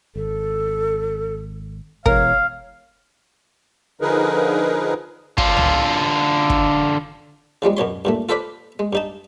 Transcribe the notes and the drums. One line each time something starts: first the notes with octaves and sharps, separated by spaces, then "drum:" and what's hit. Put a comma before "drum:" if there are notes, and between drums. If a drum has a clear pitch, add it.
G#1 A4
B2 E3 G#3 A#4 C#5 F5, drum: kick
D3 F3 D#4 G#4 A#4 B4
D3 F4, drum: kick
drum: tom C2
drum: kick
C#3 F3 G3 G#3
F#2 B2 C#5 C6
G2 A#2 A3
F4 A4 B4 C5 D5 B5
G#3
G2 D#4 A5